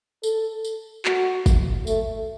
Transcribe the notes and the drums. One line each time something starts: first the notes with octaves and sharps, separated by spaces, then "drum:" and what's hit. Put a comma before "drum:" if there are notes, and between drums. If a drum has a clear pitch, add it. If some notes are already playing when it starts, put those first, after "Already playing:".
A4, drum: tambourine
drum: tambourine
F#4, drum: clap
drum: kick, tambourine
A3, drum: tambourine